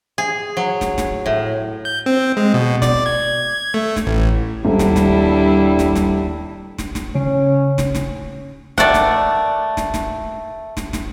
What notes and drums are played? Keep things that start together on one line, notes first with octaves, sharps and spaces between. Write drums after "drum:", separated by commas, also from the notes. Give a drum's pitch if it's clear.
G#4
F#3
drum: snare
drum: snare
A2
G6
C4
G#3
B2
D5, drum: snare
G#6
A3
drum: snare
A1
D#1 G3 D4 E4
drum: snare
drum: snare
drum: snare
drum: snare
drum: snare
drum: snare
C#3 C#4
drum: snare
drum: snare
D#3 A3 D5 F#5 G5, drum: snare
drum: snare
drum: snare
drum: snare
drum: snare
drum: snare